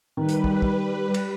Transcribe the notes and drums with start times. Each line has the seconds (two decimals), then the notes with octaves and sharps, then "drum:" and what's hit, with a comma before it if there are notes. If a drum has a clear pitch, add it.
0.17 D#3 G3 B4
0.29 drum: hi-hat
0.44 drum: kick
0.62 drum: kick
1.14 drum: cymbal